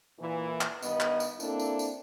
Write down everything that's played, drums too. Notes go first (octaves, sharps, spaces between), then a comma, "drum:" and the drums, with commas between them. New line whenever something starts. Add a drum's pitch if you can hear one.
A#2 E3
drum: clap
G2 D#3 B3 D#5, drum: tambourine
drum: clap
drum: tambourine
A#3 C4 D4 E4 A4, drum: tambourine
drum: tambourine
drum: tambourine